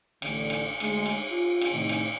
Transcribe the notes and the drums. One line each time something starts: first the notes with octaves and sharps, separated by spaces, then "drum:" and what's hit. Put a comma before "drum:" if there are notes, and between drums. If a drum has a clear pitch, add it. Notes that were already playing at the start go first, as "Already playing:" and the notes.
A1 D3, drum: cymbal
drum: cymbal
D2 G#3, drum: cymbal
drum: cymbal
F4
drum: cymbal
A2 C3 D#3
drum: cymbal